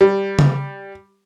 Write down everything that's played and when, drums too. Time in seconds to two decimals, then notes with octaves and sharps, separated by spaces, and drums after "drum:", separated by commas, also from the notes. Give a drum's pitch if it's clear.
0.01 G3
0.39 drum: tom C#3